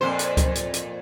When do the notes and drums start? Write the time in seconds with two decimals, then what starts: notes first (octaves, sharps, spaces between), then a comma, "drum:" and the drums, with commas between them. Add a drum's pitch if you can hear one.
0.01 F2 A#2 C5
0.19 drum: hi-hat
0.37 drum: kick C#2, hi-hat
0.55 drum: hi-hat
0.74 drum: hi-hat